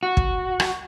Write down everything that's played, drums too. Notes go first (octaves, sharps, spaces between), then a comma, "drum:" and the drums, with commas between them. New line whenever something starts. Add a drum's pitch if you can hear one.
F#4
drum: kick
drum: rim click